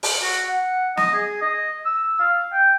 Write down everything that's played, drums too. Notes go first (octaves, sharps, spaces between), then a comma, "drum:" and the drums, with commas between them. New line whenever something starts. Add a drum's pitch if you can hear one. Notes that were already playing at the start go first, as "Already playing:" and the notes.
drum: open hi-hat
F#4
F#5
D#5, drum: snare
G#4
D#5
E6
F5
G5